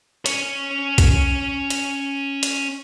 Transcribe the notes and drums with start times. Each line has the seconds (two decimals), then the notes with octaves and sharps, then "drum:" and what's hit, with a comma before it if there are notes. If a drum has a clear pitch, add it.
0.26 C#4 C#5, drum: hi-hat
0.98 drum: kick, hi-hat
1.70 drum: hi-hat
2.43 drum: hi-hat